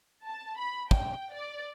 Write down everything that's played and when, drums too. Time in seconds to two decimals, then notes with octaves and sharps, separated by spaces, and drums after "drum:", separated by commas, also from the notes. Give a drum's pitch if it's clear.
0.25 A5
0.58 B5
0.91 G5, drum: kick
1.33 D5